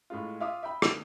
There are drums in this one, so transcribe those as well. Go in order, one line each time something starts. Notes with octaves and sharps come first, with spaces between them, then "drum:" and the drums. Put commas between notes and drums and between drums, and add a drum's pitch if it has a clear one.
A2 G#3 F4
F4 E5 F5 D6 D#6
E5 G5 B5
D#6, drum: rim click